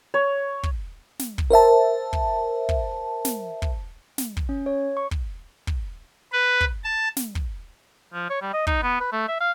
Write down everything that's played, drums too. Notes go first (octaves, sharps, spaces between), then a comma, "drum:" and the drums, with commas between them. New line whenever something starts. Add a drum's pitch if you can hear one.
C#5
drum: kick
drum: snare
drum: kick
A#4 C5 E5 A5
drum: kick
drum: kick
drum: snare
drum: kick
drum: snare
drum: kick
C#4
C#5
C#6
drum: kick
drum: kick
B4
drum: kick
A5
drum: snare
drum: kick
F3
C#5
G3
D#5
D#4, drum: kick
B3
B4
A3
E5
F5